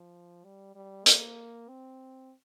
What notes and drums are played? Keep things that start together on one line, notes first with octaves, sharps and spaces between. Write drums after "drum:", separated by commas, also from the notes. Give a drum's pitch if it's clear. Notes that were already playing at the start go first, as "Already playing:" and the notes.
Already playing: F3
G3
G3
A#3, drum: hi-hat
C4